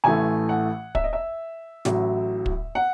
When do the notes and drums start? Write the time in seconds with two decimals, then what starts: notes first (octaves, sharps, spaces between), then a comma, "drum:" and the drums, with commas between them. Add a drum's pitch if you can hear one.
0.04 A1 A2 E3 A3 G#5
0.49 F#5
0.95 E5, drum: kick
1.04 D#5
1.13 E5
1.85 A1 A2 F#3, drum: snare
2.46 drum: kick
2.75 F#5